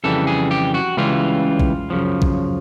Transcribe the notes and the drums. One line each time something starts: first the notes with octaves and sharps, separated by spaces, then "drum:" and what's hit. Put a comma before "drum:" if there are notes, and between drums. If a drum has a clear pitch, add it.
F2 C#3 E3 G3 A4
G#4
G4
F#4
C#2 C#3 E3 G3 F4
drum: kick A#1
F#2 C#3 F3
drum: kick A#1